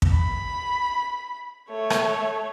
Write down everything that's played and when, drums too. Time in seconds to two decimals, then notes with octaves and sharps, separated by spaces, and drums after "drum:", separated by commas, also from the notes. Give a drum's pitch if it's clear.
0.02 drum: kick
0.15 B5
1.70 A3 C#5
1.90 drum: rim click